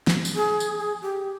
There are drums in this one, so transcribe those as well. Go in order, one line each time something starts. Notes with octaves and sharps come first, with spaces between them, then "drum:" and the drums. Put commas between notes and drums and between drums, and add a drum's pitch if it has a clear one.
drum: snare
drum: tambourine
G#4
drum: tambourine
G#4
G4